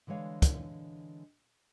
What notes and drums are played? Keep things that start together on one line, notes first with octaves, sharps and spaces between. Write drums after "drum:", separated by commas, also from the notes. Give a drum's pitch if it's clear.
D3 E3 G#3 C#5 F5
drum: kick, hi-hat